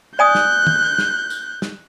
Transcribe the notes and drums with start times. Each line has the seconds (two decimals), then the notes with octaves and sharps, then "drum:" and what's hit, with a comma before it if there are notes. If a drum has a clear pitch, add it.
0.19 D5 G#5 D#6 F#6 G6
0.35 drum: snare
0.67 drum: tom
0.98 drum: snare
1.30 drum: tambourine
1.62 drum: snare